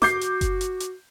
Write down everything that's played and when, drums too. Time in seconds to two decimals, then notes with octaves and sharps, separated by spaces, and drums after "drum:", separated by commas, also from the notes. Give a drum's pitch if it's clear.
0.02 F#4 D6 G6 C7, drum: snare
0.21 drum: hi-hat
0.41 drum: kick F#1, hi-hat
0.61 drum: hi-hat
0.80 drum: hi-hat